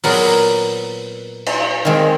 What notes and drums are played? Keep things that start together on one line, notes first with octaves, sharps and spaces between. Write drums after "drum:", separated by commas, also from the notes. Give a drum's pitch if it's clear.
A#2 F#3 B3 G#4 A#4, drum: open hi-hat
drum: cymbal
D#3 G#3 C4